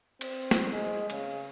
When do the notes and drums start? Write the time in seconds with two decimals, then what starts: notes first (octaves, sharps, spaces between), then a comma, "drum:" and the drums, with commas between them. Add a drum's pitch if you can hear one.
0.21 C4, drum: cymbal
0.51 drum: snare
0.73 G#3
1.10 C#3, drum: cymbal